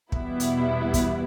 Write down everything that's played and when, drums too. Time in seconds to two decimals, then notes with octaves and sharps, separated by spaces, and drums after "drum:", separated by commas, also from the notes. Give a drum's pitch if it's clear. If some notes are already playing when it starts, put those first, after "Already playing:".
0.12 E2 B2 G3 B3 E4, drum: kick
0.40 drum: hi-hat
0.94 drum: kick, hi-hat